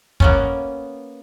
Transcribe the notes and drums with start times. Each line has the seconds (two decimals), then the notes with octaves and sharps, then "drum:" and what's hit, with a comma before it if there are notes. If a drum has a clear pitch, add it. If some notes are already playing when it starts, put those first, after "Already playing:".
0.20 A#3 B3 C#4, drum: kick